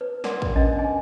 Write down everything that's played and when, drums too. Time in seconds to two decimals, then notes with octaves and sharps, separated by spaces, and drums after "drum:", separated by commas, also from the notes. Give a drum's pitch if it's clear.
0.01 B4
0.24 A#4 B4 D5 F#5 C6, drum: snare
0.42 drum: kick
0.55 C#4 D4 D#5
0.79 G#5